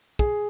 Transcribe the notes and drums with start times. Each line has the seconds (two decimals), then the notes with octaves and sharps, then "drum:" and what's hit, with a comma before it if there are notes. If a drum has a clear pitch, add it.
0.19 G#4, drum: kick